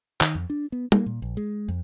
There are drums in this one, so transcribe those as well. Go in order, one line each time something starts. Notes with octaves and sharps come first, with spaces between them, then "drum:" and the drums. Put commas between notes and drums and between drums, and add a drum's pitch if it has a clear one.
D#3, drum: clap
F2
D4
B3
A#3, drum: tom
A#2
A#1
G#3
F2